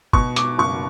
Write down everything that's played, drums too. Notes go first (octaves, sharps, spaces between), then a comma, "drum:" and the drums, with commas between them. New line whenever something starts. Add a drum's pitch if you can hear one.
B2 C#6, drum: kick
D6, drum: hi-hat
F#1 C#6